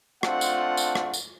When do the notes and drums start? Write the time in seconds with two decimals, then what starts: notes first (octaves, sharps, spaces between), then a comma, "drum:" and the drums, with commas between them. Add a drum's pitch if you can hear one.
0.23 A3 C4 D4 F4 F#5, drum: rim click
0.41 drum: tambourine
0.77 drum: tambourine
0.95 drum: rim click
1.14 drum: tambourine